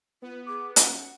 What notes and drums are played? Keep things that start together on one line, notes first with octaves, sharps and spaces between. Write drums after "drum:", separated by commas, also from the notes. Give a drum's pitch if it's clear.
B3 F4 B4
G#4 D6
C#4 F#5, drum: hi-hat